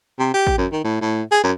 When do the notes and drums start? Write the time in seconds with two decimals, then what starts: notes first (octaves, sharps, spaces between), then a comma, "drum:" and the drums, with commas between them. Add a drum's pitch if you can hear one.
0.19 C3
0.34 G4
0.47 drum: kick
0.57 F#2
0.72 D#3
0.84 A2
1.01 A2
1.32 G#4
1.43 F#2